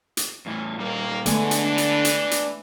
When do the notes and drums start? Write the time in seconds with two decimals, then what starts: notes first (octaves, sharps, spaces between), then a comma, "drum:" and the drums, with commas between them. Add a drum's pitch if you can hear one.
0.17 drum: hi-hat
0.46 E2 A2 E3 E4
0.78 A#2 G3 A#3 A#4
1.26 D3 E3 G#3 A3 B3 D5 G#5, drum: hi-hat
1.51 drum: hi-hat
1.64 D4
1.78 drum: hi-hat
2.05 drum: hi-hat
2.31 drum: hi-hat